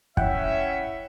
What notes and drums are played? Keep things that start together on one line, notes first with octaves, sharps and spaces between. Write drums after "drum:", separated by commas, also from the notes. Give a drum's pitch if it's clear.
C#4 E4 C#5 E5 F#5 G5, drum: kick